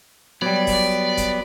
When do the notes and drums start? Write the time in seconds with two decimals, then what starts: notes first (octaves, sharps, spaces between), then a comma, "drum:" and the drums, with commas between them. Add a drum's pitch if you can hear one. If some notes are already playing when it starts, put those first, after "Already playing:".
0.42 F#3 G3 B3 D5
0.67 drum: kick E1, open hi-hat
1.17 drum: kick E1, hi-hat